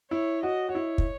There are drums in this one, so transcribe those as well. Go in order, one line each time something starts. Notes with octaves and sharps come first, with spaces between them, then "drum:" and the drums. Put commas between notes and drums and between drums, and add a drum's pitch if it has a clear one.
E4 C#5
F#4 D#5
F#4
E4 C#5
drum: kick